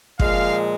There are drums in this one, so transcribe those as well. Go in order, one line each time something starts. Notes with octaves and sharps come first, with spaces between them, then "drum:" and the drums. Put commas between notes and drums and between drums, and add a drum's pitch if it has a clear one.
A#2 F3 G#3 F5, drum: kick